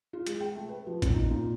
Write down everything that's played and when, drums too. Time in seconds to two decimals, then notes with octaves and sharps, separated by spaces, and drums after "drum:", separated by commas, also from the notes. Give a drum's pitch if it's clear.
0.13 F4
0.27 G#3, drum: hi-hat
0.40 G5
0.55 A3
0.69 B4
0.87 F3
1.02 A#2, drum: kick A1, hi-hat
1.14 D#4
1.30 A#2